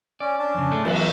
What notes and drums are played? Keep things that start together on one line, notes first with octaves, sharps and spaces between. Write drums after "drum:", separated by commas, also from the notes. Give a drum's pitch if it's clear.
C#4 D5
C#4 D4 A5
F2 C#3
G#2 G#3 A3
E2 F#3 B3, drum: cymbal